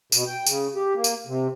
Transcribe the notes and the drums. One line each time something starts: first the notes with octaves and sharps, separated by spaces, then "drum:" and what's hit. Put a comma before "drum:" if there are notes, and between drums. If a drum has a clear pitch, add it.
B2, drum: tambourine
G5
C#3, drum: tambourine
G4
A#3
drum: tambourine
C3